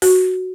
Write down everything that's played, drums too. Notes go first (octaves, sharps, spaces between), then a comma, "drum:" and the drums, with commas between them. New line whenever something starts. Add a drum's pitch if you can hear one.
F#4, drum: open hi-hat